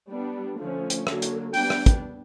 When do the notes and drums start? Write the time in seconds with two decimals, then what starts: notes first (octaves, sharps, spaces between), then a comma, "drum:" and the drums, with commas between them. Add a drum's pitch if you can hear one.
0.10 G3 B3 D4
0.58 D3 F3 A3 C#4
0.90 drum: hi-hat
1.07 D3 F#3 A#3, drum: rim click
1.22 drum: hi-hat
1.54 G3 B3 D4 G5, drum: open hi-hat
1.70 drum: rim click
1.86 drum: kick, hi-hat